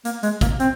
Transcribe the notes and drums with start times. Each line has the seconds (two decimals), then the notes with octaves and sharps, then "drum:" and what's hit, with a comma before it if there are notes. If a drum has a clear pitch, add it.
0.05 A#3, drum: hi-hat
0.23 G#3, drum: hi-hat
0.41 A#3, drum: kick, hi-hat
0.60 C4, drum: hi-hat